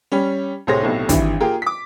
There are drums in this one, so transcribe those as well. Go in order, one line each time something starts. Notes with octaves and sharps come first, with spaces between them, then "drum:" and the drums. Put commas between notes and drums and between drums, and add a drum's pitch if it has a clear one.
G3 C#4
C2 A2 G#4 C5 C#5 A#6
B1 A2 C3
G#1 G2 E3 E4, drum: kick, hi-hat
A#3 F4 G4 G#4 A#4
D6 B6